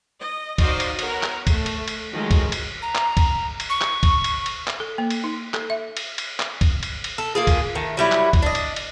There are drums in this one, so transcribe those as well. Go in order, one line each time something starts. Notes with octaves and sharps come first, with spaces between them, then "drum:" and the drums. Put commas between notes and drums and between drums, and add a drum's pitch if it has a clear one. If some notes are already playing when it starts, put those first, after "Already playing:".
D#5
D#4 F#4 C5 D5 D#5 F5, drum: kick, cymbal
drum: cymbal
B3 A#4 C#5 F#5, drum: cymbal
drum: clap
A3, drum: kick, cymbal
drum: cymbal
drum: cymbal
D#3 F3 F#3 G#3 A3
drum: kick, cymbal
drum: cymbal
A#5
drum: clap
drum: kick, cymbal
drum: cymbal
C#6
drum: clap
drum: kick, cymbal
drum: cymbal
drum: cymbal
drum: clap
A4
A#3
drum: cymbal
D#4
A4, drum: clap
E5
drum: cymbal
drum: cymbal
drum: clap
drum: kick, cymbal
drum: cymbal
drum: cymbal
A4
A#3 F4 G#4
drum: kick, cymbal
D#3 A3
F#3 G3 E4
drum: clap
drum: kick, cymbal
D4 D#5
drum: cymbal
drum: cymbal